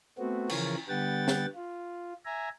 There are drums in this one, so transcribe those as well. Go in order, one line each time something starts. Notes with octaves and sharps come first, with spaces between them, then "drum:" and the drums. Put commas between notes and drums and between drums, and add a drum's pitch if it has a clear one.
A3 B3 C4 F#4
C#3 E3 F3 A#4 C#5, drum: cymbal
D3 G3 B3 F#5 G5 A6
drum: snare
F4
E5 G#5 A#5